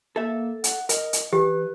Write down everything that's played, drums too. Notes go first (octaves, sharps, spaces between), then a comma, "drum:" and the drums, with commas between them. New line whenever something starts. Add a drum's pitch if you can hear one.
A#3 A4 E5
F#5, drum: hi-hat
A#4 D#5, drum: hi-hat
drum: hi-hat
E3 G4 B4